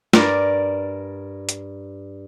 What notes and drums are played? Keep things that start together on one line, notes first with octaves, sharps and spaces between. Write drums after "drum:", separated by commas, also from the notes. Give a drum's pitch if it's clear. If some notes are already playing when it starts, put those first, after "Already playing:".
G2 A#4 D5 G#5, drum: snare
drum: hi-hat